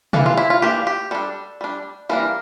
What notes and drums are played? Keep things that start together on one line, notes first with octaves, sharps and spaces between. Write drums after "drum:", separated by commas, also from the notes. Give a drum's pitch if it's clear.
E3 A#3 D4 A4, drum: tom C3
F4
E4
F4
E3 A#3 D4 G4
G4
G3 D4 A4
G3 D4
E3 G3 A#3 D4 A#4